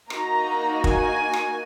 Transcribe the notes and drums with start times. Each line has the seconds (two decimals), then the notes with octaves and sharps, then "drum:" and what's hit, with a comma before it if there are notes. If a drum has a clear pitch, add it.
0.10 A#3 D#4 F#4 A#5, drum: rim click
0.84 G#5, drum: kick
1.33 drum: rim click